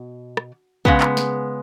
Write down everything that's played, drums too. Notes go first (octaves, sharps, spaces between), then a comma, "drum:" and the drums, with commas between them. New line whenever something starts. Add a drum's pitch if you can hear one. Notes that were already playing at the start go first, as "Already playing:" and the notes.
Already playing: B2
drum: rim click
C#3 G#3 B3, drum: kick
drum: clap
drum: snare